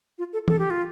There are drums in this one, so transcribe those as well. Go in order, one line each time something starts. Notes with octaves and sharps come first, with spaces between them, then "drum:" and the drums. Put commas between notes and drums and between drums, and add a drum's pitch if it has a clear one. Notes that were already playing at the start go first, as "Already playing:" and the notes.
F4
A4
A4, drum: tom E3
G4
F4